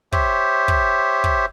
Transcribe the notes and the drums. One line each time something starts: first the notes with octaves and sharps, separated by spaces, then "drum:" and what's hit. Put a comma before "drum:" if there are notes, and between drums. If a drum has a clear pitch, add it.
G4 C5 C#5 E5, drum: kick
drum: kick
drum: kick